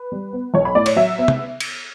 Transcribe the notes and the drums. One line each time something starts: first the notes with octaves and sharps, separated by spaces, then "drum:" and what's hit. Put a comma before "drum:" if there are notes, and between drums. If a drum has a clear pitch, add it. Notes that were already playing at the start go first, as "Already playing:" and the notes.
Already playing: B4
G3
B3
B1 C#5
B5
A2 D5
C#5, drum: cymbal
F#3 E5
B3
drum: tom C3
drum: cymbal